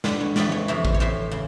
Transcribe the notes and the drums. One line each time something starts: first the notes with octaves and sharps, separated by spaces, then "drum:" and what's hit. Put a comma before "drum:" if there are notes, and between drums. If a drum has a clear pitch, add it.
G2 D3 B4, drum: snare
C#5
F2 C#3 E3 D5, drum: snare
C#5
F2 C3 E3
drum: kick A1
C#5
A2 E3 C5
C#3